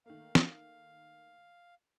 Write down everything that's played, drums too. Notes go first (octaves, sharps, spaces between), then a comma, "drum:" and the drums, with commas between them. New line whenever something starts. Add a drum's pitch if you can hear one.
D#3 A3 A#3 F5
drum: snare